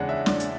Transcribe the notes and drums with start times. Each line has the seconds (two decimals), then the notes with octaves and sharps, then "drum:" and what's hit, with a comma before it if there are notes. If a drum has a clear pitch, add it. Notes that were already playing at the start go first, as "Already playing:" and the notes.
Already playing: E2 C#3 G#3 D4 F#5 G#5
0.09 E5
0.26 D5, drum: snare
0.40 drum: hi-hat